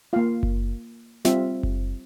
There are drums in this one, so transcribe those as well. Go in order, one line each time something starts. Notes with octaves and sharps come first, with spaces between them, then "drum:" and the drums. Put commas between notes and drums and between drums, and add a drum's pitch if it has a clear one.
A#3 F4 F5
drum: kick F#1
G3 C4 F4 E5, drum: snare
drum: kick F#1